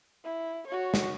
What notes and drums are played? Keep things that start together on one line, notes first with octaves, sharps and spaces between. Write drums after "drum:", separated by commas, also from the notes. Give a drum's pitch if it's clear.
E4
F#4 C#5
drum: snare